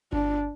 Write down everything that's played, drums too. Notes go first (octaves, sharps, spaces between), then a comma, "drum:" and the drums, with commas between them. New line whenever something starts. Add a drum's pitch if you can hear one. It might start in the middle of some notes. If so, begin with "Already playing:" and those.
D4, drum: kick G1